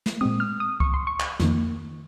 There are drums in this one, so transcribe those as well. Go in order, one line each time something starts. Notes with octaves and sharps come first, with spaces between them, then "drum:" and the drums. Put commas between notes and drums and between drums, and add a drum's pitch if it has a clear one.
drum: snare
A#2 G#3 C4 D#6
F6
D#6
C#6, drum: kick C#2
C6
C#6
drum: clap
F2 D#3 A#3, drum: snare